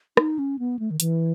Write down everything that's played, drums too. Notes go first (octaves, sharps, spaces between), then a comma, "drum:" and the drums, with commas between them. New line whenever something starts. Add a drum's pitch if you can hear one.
D#4, drum: rim click
C#4
B3
A3
D#3
E3, drum: hi-hat